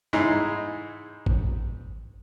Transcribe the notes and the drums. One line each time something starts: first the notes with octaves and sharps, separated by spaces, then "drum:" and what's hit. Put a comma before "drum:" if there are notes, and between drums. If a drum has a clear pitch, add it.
G#2 G#3 D#4 E4
drum: kick